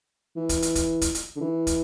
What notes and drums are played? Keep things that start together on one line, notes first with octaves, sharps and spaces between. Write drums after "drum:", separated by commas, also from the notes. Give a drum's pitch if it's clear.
E3
drum: kick, hi-hat
drum: hi-hat
drum: kick, hi-hat
drum: kick, hi-hat
drum: hi-hat
D3
E3
drum: kick, hi-hat